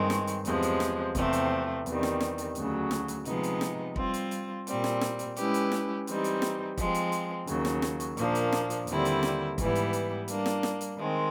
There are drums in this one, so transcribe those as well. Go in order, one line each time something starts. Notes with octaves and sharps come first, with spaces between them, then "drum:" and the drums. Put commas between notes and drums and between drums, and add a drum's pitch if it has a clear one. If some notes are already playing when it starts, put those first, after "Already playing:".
Already playing: G2 D#3 G#3 C4
drum: snare
drum: hi-hat
E2 C3 F3 G#3, drum: hi-hat
drum: hi-hat
drum: snare
E2 C3 F3 A3 C4, drum: kick, hi-hat
drum: hi-hat
E2 C3 D#3 G3, drum: hi-hat
drum: snare
drum: snare
drum: hi-hat
D2 C#3 F#3, drum: hi-hat
drum: snare
drum: hi-hat
C3 F3 G#3 B3 D#4, drum: hi-hat
drum: hi-hat
drum: snare
G3 C4 F4, drum: kick
drum: hi-hat
drum: hi-hat
A#2 G3 C4, drum: hi-hat
drum: snare
drum: snare
drum: hi-hat
G#3 C#4 E4 G4 B4, drum: hi-hat
drum: hi-hat
drum: snare
E3 G3 C4 D#4, drum: hi-hat
drum: hi-hat
drum: snare
F3 G#3 C4, drum: kick, hi-hat
drum: hi-hat
drum: hi-hat
D#2 C#3 F#3, drum: hi-hat
drum: snare
drum: snare
drum: hi-hat
A#2 F3 A#3 D4, drum: hi-hat
drum: hi-hat
drum: snare
drum: hi-hat
D#2 D3 G3 C4 E4, drum: hi-hat
drum: hi-hat
drum: snare
G#2 E3 G3 B3 E4, drum: kick, hi-hat
drum: hi-hat
drum: hi-hat
G3 A#3 D4, drum: hi-hat
drum: snare
drum: snare
drum: hi-hat
D#3 G#3 C4